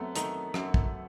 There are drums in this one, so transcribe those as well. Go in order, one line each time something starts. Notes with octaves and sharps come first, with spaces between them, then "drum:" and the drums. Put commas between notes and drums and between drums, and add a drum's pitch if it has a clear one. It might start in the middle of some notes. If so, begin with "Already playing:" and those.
Already playing: F#2 A3 B3 C4
D#3 A3, drum: hi-hat
F#2, drum: rim click
drum: kick